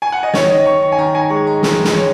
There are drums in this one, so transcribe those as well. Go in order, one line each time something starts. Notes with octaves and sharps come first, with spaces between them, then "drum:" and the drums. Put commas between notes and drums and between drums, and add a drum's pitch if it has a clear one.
G#5
F#5
D#5
D#3 C#5, drum: snare
D#5
D#3 C#6
C#6
G#5
D#3 A#5
G#5
G#3 C#6
A#5
G#3, drum: snare
drum: snare
D#3 C#5